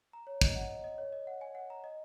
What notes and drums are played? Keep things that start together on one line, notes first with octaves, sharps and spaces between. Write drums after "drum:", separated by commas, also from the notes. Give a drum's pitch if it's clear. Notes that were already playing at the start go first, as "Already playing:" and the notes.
A#5
C#5
D#5, drum: kick
F#5
D#5
D#5
C#5
D#5
F#5
G#5
F#5
A#5
D#5